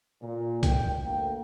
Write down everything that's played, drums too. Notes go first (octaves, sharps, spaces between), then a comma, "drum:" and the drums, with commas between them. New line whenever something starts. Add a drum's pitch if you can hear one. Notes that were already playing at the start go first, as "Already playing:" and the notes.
A#2
F#1 G5, drum: kick, hi-hat
D2 A#3 G5